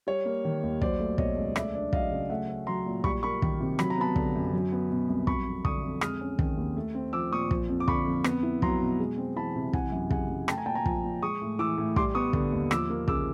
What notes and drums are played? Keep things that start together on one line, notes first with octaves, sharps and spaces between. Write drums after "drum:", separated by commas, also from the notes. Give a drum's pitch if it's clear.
G3 C#5
A#3
D#3
D#2
F#3 C5 D5, drum: kick
A3
B2 C#5 D#5, drum: kick
C#2
A3 D5 E5, drum: rim click
D4
F#3 D#5 F5, drum: kick
C#3
A3 E5 F#5
C#4
F#3 A#5 C6
A#2
G3 B5 C#6, drum: kick
A#3 B5 C#6
D#3, drum: kick
C3
F#3 B5, drum: rim click
A#5
B3 A5 B5
D3, drum: kick
F#2
F#3
B3
B2
C2
F#3 B5 C#6, drum: kick
F2
D3 C#6 D#6, drum: kick
F2
G#3 D#6 F6, drum: rim click
C#4
D#3, drum: kick
D#2
A3
C4
F3 D6 E6
A#2 C#6 D#6
F3, drum: kick
F2
D6
D3 B5 C#6, drum: kick
F2
B3, drum: rim click
E4
F#3 A#5 C6, drum: kick
B2
G#3
C4
E3 A5 B5
C3
E3 F#5 G#5, drum: kick
F#2
C#3 F#5 G#5, drum: kick
F#2
A3 G5 A5, drum: rim click
G#5 A#5
A#2 G5 A5
G#5 A#5
F3, drum: kick
A#2
G#3 C#6 D#6
A2
E3 D6 E6
A2
G3 C6 D6, drum: kick
B3 C#6 D#6
D3, drum: kick
D#2
F3 D6 E6, drum: rim click
A#3
C#3 D6 E6, drum: kick